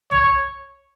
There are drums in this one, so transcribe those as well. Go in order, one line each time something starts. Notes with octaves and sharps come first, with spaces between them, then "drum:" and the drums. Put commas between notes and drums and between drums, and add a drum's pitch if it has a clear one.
C#5, drum: tom